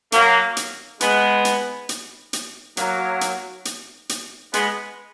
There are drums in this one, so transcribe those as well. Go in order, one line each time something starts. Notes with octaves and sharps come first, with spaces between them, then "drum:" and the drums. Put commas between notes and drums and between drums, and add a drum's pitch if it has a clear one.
F#3 A#3, drum: hi-hat
drum: hi-hat
G#3 B3, drum: hi-hat
drum: hi-hat
drum: hi-hat
drum: hi-hat
F#3 A#3, drum: hi-hat
drum: hi-hat
drum: hi-hat
drum: hi-hat
G#3 B3, drum: hi-hat